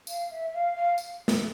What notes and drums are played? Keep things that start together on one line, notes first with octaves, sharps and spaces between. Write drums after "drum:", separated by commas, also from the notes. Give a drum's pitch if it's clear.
F5, drum: tambourine
E5
F5
F5
drum: tambourine
drum: snare